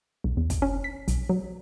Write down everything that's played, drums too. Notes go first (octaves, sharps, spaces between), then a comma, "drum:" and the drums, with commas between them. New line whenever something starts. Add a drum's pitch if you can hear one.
B1
E2
drum: kick, hi-hat
C#4
B6
B1, drum: hi-hat
F#3